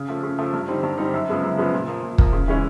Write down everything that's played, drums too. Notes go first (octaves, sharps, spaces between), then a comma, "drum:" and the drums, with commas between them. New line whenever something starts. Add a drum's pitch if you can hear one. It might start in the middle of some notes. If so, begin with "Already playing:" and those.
Already playing: C#3
F3 A3
C#3
F3 A3
G2
D3 G3 C4 D#4
G2
D3 G3 C4 D#4
F#2
C#3 F3 G#3 B3
F#2
C#3 F3 G#3 B3
A#2
F3 A#3
A#2
F3 A#3, drum: kick
C#3
E3 G#3 C#4 E4